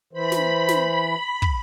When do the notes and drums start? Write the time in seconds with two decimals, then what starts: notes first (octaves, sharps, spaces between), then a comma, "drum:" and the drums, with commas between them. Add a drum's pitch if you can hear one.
0.13 E3 C5 B5
0.32 drum: snare
0.69 drum: snare
1.42 drum: kick